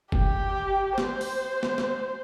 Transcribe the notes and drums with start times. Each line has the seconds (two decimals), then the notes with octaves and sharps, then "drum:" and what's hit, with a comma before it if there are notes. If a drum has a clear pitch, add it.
0.12 G4, drum: kick
0.98 C5, drum: snare
1.21 drum: open hi-hat
1.63 drum: snare
1.78 drum: snare